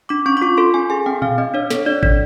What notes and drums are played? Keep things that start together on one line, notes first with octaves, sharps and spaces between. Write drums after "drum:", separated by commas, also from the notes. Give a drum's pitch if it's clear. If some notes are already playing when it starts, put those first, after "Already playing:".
D4 D6
C#4 C#6
D6
F4 C#6
A4 C6
C#4 G#5
G#4 G#5
C4 G5
C4 F5, drum: tom A#2
C4 D#5
D4 C#5
A4, drum: snare
D4 D5
D4, drum: kick G#1